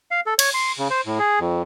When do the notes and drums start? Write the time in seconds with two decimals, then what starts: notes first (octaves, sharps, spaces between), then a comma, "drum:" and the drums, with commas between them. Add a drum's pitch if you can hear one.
0.11 F5
0.26 A4
0.39 C#5, drum: cymbal
0.54 C6
0.78 C#3
0.91 C5
1.06 A2
1.19 G#4
1.39 F2